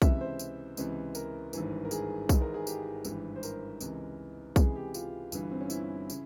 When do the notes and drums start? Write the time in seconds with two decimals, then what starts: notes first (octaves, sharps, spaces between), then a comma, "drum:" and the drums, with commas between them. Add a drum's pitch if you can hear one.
0.02 C#2 C3 E3 E5, drum: kick B1, tambourine
0.21 C5
0.39 drum: tambourine
0.77 C#2 C3 E3, drum: tambourine
1.15 A#4, drum: tambourine
1.53 G#1 G2 E3, drum: tambourine
1.85 A#4
1.91 G#4, drum: tambourine
2.29 G#1 G#2 E3, drum: kick B1, tambourine
2.41 A#4
2.54 G#4
2.67 G4, drum: tambourine
3.05 G#1 G2 E3, drum: tambourine
3.36 C5
3.43 A#4, drum: tambourine
3.80 C#2 C3 E3, drum: tambourine
4.56 C#2 C3 E3 G#4, drum: kick B1, tambourine
4.76 G4
4.94 F4, drum: tambourine
5.32 G1 G2 E3, drum: tambourine
5.51 C4
5.61 C#4
5.70 E4, drum: tambourine
6.10 C#3, drum: tambourine